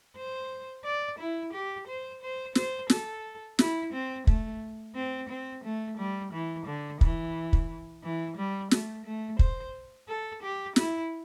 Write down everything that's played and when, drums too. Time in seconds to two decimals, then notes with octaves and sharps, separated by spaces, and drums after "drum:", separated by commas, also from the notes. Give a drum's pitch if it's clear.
0.16 C5
0.85 D5
1.19 E4
1.53 G4
1.88 C5
2.22 C5
2.55 C5, drum: snare
2.90 A4, drum: snare
3.59 E4, drum: snare
3.93 C4
4.27 A3, drum: kick
4.95 C4
5.29 C4
5.64 A3
5.97 G3
6.32 E3
6.66 D3
7.01 E3, drum: kick
7.53 drum: kick
8.03 E3
8.37 G3
8.71 A3, drum: snare
9.05 A3
9.39 C5, drum: kick
10.09 A4
10.42 G4
10.76 E4, drum: snare